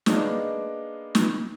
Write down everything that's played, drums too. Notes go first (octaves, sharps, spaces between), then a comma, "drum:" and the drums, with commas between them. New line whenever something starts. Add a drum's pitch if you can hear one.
G#3 A#3 B3 D4 D#4, drum: snare
drum: snare